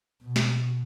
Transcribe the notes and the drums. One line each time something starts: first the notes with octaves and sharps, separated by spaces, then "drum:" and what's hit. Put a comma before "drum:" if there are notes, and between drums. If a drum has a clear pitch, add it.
B2
drum: snare